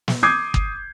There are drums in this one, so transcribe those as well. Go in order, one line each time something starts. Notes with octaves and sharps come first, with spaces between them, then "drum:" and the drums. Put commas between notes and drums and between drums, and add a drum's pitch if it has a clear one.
drum: snare
D6 D#6 G6 G#6 C7
drum: kick G1